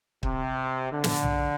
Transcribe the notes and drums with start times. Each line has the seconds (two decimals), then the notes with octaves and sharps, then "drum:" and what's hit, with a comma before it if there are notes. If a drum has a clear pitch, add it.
0.23 C3, drum: kick
0.91 D3
1.04 drum: snare
1.23 drum: tom B1